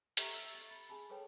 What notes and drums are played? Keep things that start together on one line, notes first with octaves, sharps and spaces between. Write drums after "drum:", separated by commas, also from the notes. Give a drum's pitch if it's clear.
G4 A4 E5 A#5 C#6 F6, drum: hi-hat
E6 A6
A6
B5 A6 C#7
G#4 G#5 A5 B5
G#4 A4 B4 C#5 G5 A5